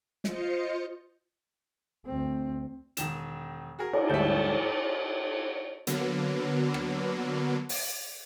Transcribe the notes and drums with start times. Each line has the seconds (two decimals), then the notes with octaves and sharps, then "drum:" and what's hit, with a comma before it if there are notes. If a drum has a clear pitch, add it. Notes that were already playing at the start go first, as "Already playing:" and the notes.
0.24 F4 C5 D#5 C#7, drum: snare
2.06 D2 C4
2.97 E1 D#3 E7, drum: hi-hat
3.79 F#4 G#4 A#4
3.93 drum: cymbal
4.10 D2 G#2 G3 E5 A5 G6
5.87 D3 F#3 A#3 B3, drum: hi-hat
6.74 drum: rim click
7.69 drum: open hi-hat